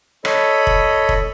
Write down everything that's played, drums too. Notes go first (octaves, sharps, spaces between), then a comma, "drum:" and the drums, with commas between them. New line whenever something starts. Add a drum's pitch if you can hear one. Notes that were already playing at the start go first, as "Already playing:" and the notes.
A4 C#5 D#5 B5, drum: rim click
drum: kick F1
drum: kick F1